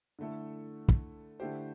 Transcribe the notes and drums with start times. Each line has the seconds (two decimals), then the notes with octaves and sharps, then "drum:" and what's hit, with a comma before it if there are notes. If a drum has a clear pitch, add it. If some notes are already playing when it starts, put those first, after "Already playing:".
0.19 D3 A3 E4 A4
0.88 drum: kick
1.40 D3 A3 E4 G4 C5